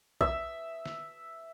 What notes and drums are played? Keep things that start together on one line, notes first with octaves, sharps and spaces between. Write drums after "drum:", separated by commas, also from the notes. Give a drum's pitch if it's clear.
E5, drum: kick B1
drum: snare